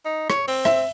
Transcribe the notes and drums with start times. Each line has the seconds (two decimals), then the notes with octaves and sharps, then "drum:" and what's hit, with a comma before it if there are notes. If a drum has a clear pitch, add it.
0.05 D#4
0.30 C#5, drum: rim click
0.48 C4, drum: open hi-hat
0.65 E5, drum: rim click